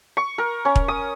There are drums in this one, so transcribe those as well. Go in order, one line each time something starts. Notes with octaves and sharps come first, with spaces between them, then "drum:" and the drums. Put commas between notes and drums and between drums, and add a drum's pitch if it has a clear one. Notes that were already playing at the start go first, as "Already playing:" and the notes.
C#6
A#4
C#4
drum: kick
D#6